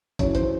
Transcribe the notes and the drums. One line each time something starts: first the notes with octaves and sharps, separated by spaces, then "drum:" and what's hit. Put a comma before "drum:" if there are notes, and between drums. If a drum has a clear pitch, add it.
F#2 C#3 E3 C#5, drum: kick, hi-hat
C5, drum: hi-hat